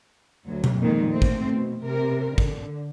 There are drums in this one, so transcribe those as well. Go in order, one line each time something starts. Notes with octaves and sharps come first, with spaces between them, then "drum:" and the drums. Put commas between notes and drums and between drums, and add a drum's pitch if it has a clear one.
D2 F#3
drum: tom B2
F2 A#2 D#3 G#3
A3 C4
drum: kick
B2
C3 A#4
D3, drum: kick